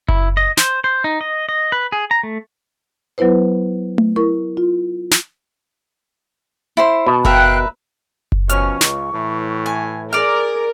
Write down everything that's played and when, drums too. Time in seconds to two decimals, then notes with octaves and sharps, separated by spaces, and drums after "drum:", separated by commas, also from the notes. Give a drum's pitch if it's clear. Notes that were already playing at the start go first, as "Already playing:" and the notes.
0.08 E4, drum: kick F#1
0.37 D#5
0.57 C5, drum: snare
0.84 C5
1.04 D#4
1.21 D#5
1.49 D#5
1.72 B4
1.92 G#4
2.11 A#5
2.23 A3
3.18 F#3 B3 E4 B4 C5
3.98 drum: tom A3
4.16 E4 A#4 C#6
4.57 F4
5.11 drum: snare
6.77 E4 C5 C6
7.06 B2 A5
7.25 A#4 B4 E5 F5 G5 F#6, drum: kick F#1
8.32 drum: kick F#1
8.49 B2 F3 C#4 C#6 F6, drum: hi-hat
8.81 C#2, drum: snare
9.13 A2 E3
9.66 G#5
10.13 G#4 A#4 D5 F6